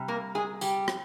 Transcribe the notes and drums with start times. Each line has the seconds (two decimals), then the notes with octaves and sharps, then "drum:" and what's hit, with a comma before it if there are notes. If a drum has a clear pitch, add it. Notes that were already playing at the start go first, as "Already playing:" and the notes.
Already playing: C3 G3
0.08 A#3 A#4
0.35 G#3 G#4
0.61 G3 G4, drum: tambourine
0.88 drum: rim click